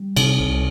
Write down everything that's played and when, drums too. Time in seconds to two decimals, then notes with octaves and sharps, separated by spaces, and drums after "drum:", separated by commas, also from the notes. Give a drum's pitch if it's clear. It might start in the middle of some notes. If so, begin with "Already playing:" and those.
Already playing: G3
0.17 C3, drum: cymbal
0.40 C2